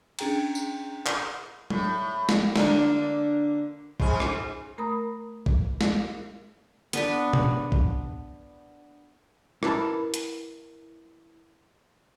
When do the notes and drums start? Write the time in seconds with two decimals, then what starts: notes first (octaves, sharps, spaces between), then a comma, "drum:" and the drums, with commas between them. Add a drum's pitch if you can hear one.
0.19 C#4 D4 G#4 G5 A#5, drum: cymbal
0.55 drum: tambourine
1.06 drum: clap
1.70 A2, drum: tom F#3
2.29 drum: snare
2.56 D3 A#3 D4, drum: snare
4.00 G#2 G#4, drum: kick
4.20 drum: rim click
4.78 A3 A#4 A#5 B5 D#6
5.46 drum: kick
5.81 drum: snare
6.93 B3 D4 B4, drum: hi-hat
7.33 drum: tom B2
7.72 drum: kick
9.63 E4 A#4 B4 D5 A5 B5, drum: rim click
10.14 drum: hi-hat